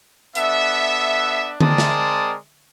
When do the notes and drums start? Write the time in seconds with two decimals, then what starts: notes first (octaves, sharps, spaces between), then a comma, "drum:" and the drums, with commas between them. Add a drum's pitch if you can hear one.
0.35 B3 D4 A4 E5, drum: hi-hat
1.60 G#3 C4 A#4 D5 A5 D#6, drum: tom D3
1.78 drum: snare